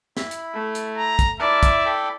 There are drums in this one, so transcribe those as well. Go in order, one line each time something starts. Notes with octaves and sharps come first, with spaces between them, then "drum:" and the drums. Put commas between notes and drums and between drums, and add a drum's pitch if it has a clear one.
E4 B5, drum: snare
drum: hi-hat
A3
drum: hi-hat
A#5
drum: kick, hi-hat
E4 A#4 D5 E5 A5
drum: kick, hi-hat
A4 G5 B5